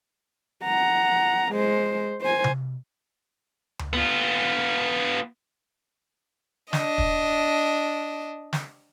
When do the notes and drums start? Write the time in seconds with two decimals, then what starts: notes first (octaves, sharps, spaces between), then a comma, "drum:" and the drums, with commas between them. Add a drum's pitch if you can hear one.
0.64 F#5 A#5
1.52 G#3 C5
2.21 C5 G#5
2.44 drum: tom C3
3.79 drum: tom D2
3.93 B3 F4
6.73 D4 D#5, drum: snare
6.98 drum: kick
8.53 drum: snare